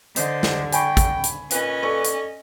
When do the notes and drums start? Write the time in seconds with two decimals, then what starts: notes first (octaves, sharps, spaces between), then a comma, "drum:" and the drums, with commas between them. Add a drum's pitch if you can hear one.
0.16 D3 C5 D#5, drum: hi-hat
0.43 drum: snare
0.73 G5 G#5 B5 C#6, drum: hi-hat
0.97 drum: kick, hi-hat
1.24 drum: hi-hat
1.51 A#2 C#4 B4 D#5, drum: hi-hat
1.83 A4 D5 C#6
2.05 drum: hi-hat